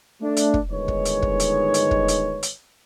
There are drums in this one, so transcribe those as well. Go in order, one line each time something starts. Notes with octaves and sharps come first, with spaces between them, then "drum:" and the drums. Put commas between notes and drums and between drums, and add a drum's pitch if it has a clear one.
A3 D4
drum: hi-hat
drum: kick
G1 D#3 G#3 D#4 B4 C#5
drum: kick
drum: hi-hat
drum: kick
drum: hi-hat
drum: hi-hat
drum: kick
drum: hi-hat
drum: hi-hat